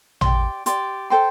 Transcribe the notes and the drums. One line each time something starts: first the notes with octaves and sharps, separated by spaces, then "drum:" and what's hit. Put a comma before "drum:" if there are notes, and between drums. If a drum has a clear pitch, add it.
G4 D5 C6, drum: tom
G4 D5 C6, drum: hi-hat
A4 C5 G5 C6